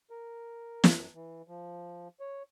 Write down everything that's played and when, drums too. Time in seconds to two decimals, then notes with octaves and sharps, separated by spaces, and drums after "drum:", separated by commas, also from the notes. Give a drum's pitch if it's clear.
0.10 A#4
0.84 F#2, drum: snare
1.15 E3
1.48 F3
2.20 C#5